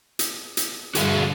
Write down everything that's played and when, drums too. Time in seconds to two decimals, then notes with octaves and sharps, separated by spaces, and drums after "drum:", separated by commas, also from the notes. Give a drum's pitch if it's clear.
0.19 drum: hi-hat
0.57 drum: hi-hat
0.95 G2 D3 F#4 G#4 E5, drum: hi-hat